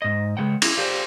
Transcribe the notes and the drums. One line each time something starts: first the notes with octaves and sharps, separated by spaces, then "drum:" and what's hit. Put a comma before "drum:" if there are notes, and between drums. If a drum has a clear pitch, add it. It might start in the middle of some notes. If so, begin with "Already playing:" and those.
G#2 D#5
C#3 E3 G#3 B4 F#5 G5
C#4 E4 F4 G#4, drum: cymbal
G4 A4 C5 D5 F5 G5